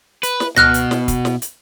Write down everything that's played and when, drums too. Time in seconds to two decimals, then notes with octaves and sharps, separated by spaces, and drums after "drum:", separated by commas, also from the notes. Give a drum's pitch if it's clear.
0.23 B4, drum: hi-hat
0.40 drum: snare
0.57 B2 F6 F#6 A#6, drum: tom C#2
0.74 drum: hi-hat
0.91 drum: snare
1.08 drum: kick, hi-hat
1.25 drum: snare
1.42 drum: hi-hat